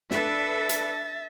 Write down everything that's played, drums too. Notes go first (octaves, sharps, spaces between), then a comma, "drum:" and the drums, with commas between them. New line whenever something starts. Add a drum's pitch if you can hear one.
D4 A4 B4 E5 A6, drum: snare
drum: hi-hat